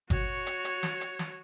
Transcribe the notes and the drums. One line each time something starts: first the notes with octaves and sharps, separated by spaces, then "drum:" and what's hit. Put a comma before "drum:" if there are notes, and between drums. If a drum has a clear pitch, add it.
F#4 C#5, drum: kick G1, hi-hat
drum: hi-hat
drum: hi-hat
drum: snare
drum: hi-hat
drum: snare